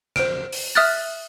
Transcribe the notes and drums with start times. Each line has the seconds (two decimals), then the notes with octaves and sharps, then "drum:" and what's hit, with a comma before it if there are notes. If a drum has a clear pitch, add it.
0.16 C5 D7, drum: rim click
0.52 drum: open hi-hat
0.75 E5 D#6 F6 F#6 A6